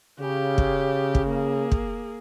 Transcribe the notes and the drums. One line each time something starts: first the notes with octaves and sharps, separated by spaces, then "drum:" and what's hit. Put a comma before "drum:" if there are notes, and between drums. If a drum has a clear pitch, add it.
C#3 G4
drum: kick
drum: kick
A#3 G#4
drum: kick